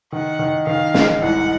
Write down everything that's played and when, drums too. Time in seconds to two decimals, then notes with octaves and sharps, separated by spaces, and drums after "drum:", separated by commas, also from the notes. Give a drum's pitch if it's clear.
0.12 D#3 F#5
0.39 D#3
0.67 D#3 F5
0.94 G#2, drum: snare
1.22 C2 F#5